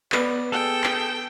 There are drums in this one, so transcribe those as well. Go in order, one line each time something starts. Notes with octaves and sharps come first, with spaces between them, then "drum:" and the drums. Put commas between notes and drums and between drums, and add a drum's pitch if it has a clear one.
B3 B4 C#5 D5, drum: clap
G#4 A4 G5
drum: clap